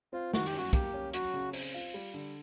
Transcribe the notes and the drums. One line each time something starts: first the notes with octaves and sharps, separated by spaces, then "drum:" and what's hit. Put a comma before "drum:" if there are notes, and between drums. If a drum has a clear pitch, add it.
C4 F4
D#3 F#4, drum: snare
G4, drum: open hi-hat
F#2 F#4
A#3 G4, drum: kick, hi-hat
C#4
F#3 F#4, drum: hi-hat
C#3
C4, drum: open hi-hat
F4
G3
D3